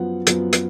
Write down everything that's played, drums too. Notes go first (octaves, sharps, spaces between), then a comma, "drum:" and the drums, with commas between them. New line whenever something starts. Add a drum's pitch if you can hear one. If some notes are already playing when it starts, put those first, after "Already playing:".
Already playing: F#2 F3 B3 F#5
F#2 F3 B3, drum: hi-hat
drum: hi-hat